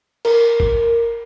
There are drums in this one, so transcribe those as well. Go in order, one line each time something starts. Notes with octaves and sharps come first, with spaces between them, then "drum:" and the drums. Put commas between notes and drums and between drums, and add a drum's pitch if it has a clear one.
A#4, drum: cymbal
drum: kick